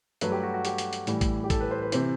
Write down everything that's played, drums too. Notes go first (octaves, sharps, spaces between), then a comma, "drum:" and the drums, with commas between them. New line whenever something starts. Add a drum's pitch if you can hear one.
G2 F#3 A3 B4, drum: hi-hat
G4
F#4
F#4
G4, drum: hi-hat
drum: hi-hat
drum: hi-hat
A2 E3 G3, drum: hi-hat
drum: kick A1, hi-hat
G4
A4, drum: kick A1, hi-hat
B4
C5
B4
C3 E3 C5, drum: hi-hat